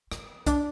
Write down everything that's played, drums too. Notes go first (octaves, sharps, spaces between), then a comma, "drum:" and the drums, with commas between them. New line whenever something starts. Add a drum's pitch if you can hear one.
C4, drum: rim click
D4, drum: kick C2, hi-hat